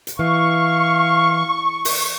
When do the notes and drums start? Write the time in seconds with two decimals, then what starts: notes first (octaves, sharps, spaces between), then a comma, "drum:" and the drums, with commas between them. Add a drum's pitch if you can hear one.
0.07 drum: hi-hat
0.19 E3 F5 C#6
1.85 drum: open hi-hat